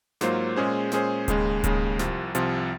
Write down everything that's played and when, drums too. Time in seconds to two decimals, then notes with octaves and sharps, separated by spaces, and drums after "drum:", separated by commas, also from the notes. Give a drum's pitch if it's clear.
0.21 G#2 F#3 A#3 F4 C5, drum: snare
0.56 A#2 G#3 C#4 G#4 C5
0.92 A#2 G#3 C#4 G#4 C5, drum: snare
1.28 D#2 C#3 G#3, drum: kick D1, hi-hat
1.64 D#2 C#3 G#3, drum: kick D1, hi-hat
1.99 C2 C3 F3, drum: snare
2.35 C2 C3 F3, drum: hi-hat